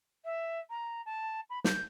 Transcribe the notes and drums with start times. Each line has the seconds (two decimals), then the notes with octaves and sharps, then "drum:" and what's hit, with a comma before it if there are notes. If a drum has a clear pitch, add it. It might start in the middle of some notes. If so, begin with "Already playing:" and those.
0.24 E5
0.70 A#5
1.06 A5
1.50 B5
1.64 G6, drum: snare